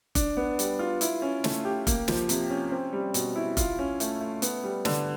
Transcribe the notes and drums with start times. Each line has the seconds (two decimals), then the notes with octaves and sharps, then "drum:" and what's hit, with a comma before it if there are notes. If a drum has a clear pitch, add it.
0.15 D4, drum: kick F1, hi-hat
0.37 B3
0.59 G3, drum: hi-hat
0.79 F4
1.01 E4, drum: hi-hat
1.22 C#4
1.44 A3, drum: snare
1.65 G4
1.87 A#3, drum: kick F1, hi-hat
2.08 F3, drum: snare
2.29 C3, drum: hi-hat
2.50 C#4
2.71 C4
2.93 G3
3.14 B2, drum: hi-hat
3.36 E4
3.57 F4, drum: kick F1, hi-hat
3.79 C#4
4.00 A3, drum: hi-hat
4.20 A3
4.42 B3, drum: hi-hat
4.64 G3
4.85 D3, drum: snare